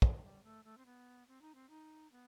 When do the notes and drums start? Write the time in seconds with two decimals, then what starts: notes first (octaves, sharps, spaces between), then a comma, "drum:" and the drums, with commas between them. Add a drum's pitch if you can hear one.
0.02 F#3, drum: kick
0.23 G3
0.44 A3
0.64 A3
0.78 C4
0.86 B3
1.28 C4
1.42 D#4
1.55 C4
1.70 D#4
2.12 B3